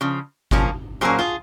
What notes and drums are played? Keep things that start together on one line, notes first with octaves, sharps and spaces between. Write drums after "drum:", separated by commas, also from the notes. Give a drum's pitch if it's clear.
C#3 F3
C#3 F3 A#3 C#4, drum: kick G1
A#2 F#3 A#3 C#4 G#4 C5
F4 G#4